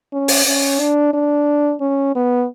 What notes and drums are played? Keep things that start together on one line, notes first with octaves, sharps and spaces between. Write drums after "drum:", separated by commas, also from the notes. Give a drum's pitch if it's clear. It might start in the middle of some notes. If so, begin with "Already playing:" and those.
C#4
drum: open hi-hat
C#4
D4
D4
C#4
B3